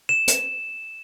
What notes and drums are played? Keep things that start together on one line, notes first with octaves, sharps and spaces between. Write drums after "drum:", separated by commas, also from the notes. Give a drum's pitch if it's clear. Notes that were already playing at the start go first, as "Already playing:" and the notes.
E7
drum: hi-hat